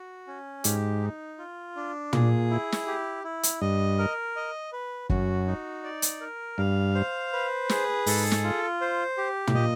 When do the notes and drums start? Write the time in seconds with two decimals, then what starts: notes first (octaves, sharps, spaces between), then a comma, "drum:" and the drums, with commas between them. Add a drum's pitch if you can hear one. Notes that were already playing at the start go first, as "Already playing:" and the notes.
Already playing: F#4
0.27 C#4
0.64 G#2 G4, drum: hi-hat
1.02 D#4
1.39 F4
1.76 D4
2.13 A#2 G#4, drum: tom
2.50 E4
2.72 drum: snare
2.87 G4
3.24 E4
3.43 drum: hi-hat
3.61 G2 D#5
3.99 A#4
4.36 D#5
4.72 B4
5.10 F#2 F#4, drum: kick
5.47 D#4
5.84 D5
6.02 drum: hi-hat
6.21 A#4
6.58 G2 F5
6.95 C5
7.33 B4
7.69 G#4, drum: snare
8.06 G#2 A4, drum: open hi-hat
8.31 drum: snare
8.44 F4
8.81 C5
9.18 G4
9.47 A2, drum: tom
9.55 A#2 D#5